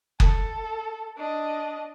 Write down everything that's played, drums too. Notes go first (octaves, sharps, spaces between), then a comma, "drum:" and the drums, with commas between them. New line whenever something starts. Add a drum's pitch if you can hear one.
A4, drum: kick F#1
D4 D#5